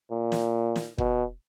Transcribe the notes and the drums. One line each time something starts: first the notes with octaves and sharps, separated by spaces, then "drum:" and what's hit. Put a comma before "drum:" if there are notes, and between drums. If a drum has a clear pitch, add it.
A#2
drum: snare
drum: snare
B2, drum: kick